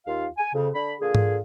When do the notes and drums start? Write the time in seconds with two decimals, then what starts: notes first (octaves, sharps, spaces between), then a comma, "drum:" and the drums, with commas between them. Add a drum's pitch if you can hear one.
0.06 D#2 F4 F5
0.38 G#5
0.54 F2 C#3
0.74 D3 B5
1.00 A#2 D3 F4 G#4
1.15 drum: tom G#2